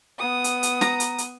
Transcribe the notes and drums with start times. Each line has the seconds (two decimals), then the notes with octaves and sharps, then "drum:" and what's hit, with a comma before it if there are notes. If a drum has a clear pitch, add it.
0.20 B3 D#6
0.44 drum: hi-hat
0.63 drum: hi-hat
0.81 A#5, drum: snare
1.00 drum: hi-hat
1.18 drum: hi-hat